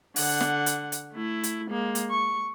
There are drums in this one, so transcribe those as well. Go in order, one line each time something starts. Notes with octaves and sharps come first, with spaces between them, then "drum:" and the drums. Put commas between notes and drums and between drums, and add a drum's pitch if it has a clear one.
D3 F#5, drum: open hi-hat
drum: snare
drum: hi-hat
drum: hi-hat
A3 E4
drum: hi-hat
G#3 A#3
drum: hi-hat
C#6